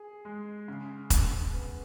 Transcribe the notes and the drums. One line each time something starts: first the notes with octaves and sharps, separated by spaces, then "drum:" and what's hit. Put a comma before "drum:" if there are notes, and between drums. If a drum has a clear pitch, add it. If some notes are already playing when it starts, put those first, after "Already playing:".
Already playing: G#4
G#3
C#3
C#3, drum: kick E1, hi-hat
B3